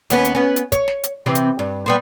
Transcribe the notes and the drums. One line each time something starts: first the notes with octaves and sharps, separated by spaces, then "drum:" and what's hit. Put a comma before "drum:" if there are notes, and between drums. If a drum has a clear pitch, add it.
D#2 B3 C#4, drum: hi-hat
drum: hi-hat
B3 C#4
drum: hi-hat
C#5, drum: kick, hi-hat
drum: snare
drum: hi-hat
C3 E3 C4
drum: hi-hat
G2
G3 B3 C5